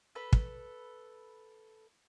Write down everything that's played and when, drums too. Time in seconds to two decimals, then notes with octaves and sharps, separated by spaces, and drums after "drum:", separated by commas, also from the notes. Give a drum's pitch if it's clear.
0.15 A4 B4 B5
0.33 drum: kick